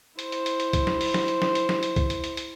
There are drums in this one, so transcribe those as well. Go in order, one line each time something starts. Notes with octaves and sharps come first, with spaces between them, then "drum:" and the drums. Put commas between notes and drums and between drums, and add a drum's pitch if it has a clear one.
E4 C5, drum: hi-hat
drum: hi-hat
drum: hi-hat
drum: hi-hat
drum: kick C2, hi-hat
drum: snare
drum: open hi-hat
drum: snare
drum: hi-hat
drum: snare
drum: hi-hat
drum: snare
drum: hi-hat
drum: kick C2, hi-hat
drum: hi-hat
drum: hi-hat
drum: hi-hat